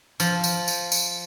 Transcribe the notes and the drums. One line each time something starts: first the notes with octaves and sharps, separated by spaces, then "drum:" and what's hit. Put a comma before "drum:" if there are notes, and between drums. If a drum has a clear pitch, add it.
F3, drum: tambourine
drum: tambourine
drum: tambourine
drum: tambourine